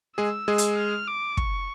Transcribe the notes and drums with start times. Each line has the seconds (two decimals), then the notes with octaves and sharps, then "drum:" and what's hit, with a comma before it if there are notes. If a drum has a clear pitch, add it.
0.18 G#3 G#4 E6
0.48 G#3 G#4
0.58 drum: hi-hat
0.78 F6
1.08 D6
1.37 C#6, drum: kick